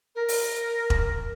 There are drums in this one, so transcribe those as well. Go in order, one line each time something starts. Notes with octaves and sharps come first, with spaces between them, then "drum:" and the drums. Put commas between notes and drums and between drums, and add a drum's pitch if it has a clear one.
A#4
drum: open hi-hat
drum: kick E1